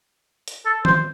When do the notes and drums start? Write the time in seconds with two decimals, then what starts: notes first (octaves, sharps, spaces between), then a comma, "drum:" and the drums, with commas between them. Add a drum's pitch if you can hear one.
0.48 drum: hi-hat
0.65 A4
0.85 C5, drum: tom D#3